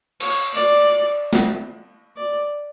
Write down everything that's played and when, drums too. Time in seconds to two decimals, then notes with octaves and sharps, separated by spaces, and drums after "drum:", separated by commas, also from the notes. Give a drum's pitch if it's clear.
0.20 C#5, drum: cymbal
0.54 D5
1.33 drum: snare
2.17 D5